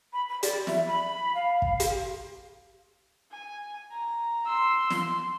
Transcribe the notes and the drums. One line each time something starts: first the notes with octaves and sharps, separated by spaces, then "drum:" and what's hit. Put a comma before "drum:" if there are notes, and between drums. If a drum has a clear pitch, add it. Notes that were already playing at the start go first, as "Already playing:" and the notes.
B5
B5
D5, drum: hi-hat
E5, drum: snare
B5
F5
drum: kick
drum: hi-hat
G#5
A#5
C6 E6
C6, drum: snare